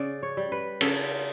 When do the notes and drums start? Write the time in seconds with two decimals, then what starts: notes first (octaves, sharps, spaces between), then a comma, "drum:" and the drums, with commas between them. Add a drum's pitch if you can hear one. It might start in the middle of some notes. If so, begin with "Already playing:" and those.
Already playing: C#3 D5
0.23 C#5
0.37 G3
0.52 B4
0.81 C#3 A4, drum: cymbal